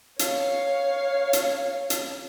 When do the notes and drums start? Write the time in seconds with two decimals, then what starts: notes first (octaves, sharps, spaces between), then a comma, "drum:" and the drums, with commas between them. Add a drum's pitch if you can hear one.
0.19 C#5 F5, drum: hi-hat
1.33 drum: hi-hat
1.90 drum: hi-hat